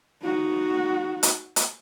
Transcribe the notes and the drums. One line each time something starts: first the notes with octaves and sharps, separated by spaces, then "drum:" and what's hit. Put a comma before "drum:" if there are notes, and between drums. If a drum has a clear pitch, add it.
D#4 F#4
drum: hi-hat
drum: hi-hat